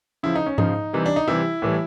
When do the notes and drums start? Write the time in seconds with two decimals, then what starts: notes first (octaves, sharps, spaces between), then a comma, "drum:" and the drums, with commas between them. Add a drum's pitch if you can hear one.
0.23 C#3 F3 E4
0.36 D#4
0.46 C#4
0.58 C#3 F3 D#4, drum: tom G#2
0.93 C3 E3 G3
1.06 D4
1.16 D#4
1.27 C3 E3 G3 E4
1.62 A2 E3 G3